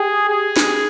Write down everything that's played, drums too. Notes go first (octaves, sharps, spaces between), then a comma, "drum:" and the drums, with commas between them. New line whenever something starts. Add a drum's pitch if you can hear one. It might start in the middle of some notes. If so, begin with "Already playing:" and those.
Already playing: G4 G#4
G#4
drum: snare